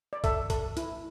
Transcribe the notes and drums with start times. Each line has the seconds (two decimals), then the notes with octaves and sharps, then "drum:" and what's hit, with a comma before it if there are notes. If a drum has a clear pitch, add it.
0.13 D5
0.24 A4 E5, drum: kick, hi-hat
0.50 A4, drum: kick, hi-hat
0.77 E4, drum: hi-hat